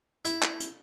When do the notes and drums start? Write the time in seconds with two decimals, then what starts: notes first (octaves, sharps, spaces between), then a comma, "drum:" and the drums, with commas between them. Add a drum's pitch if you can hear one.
0.25 E4, drum: hi-hat
0.42 drum: clap
0.60 drum: hi-hat